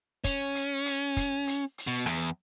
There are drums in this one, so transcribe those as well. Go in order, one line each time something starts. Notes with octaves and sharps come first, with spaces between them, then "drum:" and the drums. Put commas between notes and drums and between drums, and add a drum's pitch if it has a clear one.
C#4, drum: kick, hi-hat
drum: hi-hat
drum: hi-hat
drum: kick, hi-hat
drum: hi-hat
drum: hi-hat
B2
E2, drum: rim click